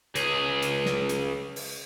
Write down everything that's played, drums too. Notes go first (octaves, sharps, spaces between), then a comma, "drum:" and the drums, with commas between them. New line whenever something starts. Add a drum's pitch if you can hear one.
C#2 G#4, drum: hi-hat
drum: hi-hat
drum: snare
drum: hi-hat
drum: open hi-hat